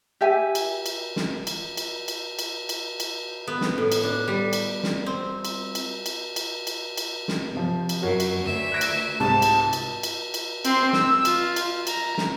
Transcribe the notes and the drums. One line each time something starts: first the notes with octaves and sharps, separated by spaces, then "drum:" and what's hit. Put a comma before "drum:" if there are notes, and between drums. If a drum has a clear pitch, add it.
G4 E5 G#5
drum: cymbal
drum: cymbal
drum: snare
drum: cymbal
drum: cymbal
drum: cymbal
drum: cymbal
drum: cymbal
drum: cymbal
B3
drum: snare
A2
drum: cymbal
D4
G3
drum: cymbal
drum: snare
C4
drum: cymbal
drum: cymbal
drum: cymbal
drum: cymbal
drum: cymbal
drum: cymbal
drum: snare
C3 F3
drum: cymbal
F#2 F#4 A#4 C#5
drum: cymbal
D2 E5
F#6 A#6 D7
drum: cymbal
C2 G#2 A5
drum: cymbal
drum: cymbal
drum: cymbal
drum: cymbal
C4 C6, drum: cymbal
E6, drum: snare
F4, drum: cymbal
drum: cymbal
A#5, drum: cymbal
drum: snare